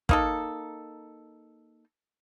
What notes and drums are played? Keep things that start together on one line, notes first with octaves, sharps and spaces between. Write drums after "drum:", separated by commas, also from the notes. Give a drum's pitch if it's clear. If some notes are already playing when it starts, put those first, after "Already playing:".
A#3 D#4 A4, drum: kick